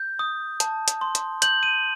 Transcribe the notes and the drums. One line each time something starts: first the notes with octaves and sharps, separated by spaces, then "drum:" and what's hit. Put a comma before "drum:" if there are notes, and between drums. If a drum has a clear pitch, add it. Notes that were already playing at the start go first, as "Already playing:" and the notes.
Already playing: G6
D#6
A5, drum: hi-hat
drum: hi-hat
C6
drum: hi-hat
G6 F#7, drum: hi-hat
D#7